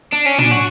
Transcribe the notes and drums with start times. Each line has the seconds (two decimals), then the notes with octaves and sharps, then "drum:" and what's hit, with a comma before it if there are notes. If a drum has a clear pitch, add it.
0.12 D4
0.25 C#4
0.38 D4, drum: tom
0.51 F#4